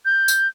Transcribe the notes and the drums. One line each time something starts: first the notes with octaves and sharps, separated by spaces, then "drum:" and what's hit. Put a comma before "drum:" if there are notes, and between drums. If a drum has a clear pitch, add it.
G6
drum: tambourine